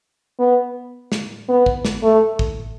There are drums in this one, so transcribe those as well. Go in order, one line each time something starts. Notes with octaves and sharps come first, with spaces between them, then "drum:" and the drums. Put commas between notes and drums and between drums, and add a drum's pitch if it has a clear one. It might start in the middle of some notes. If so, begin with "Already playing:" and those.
B3
drum: snare
B3
drum: kick A1
drum: snare
A3
drum: kick A1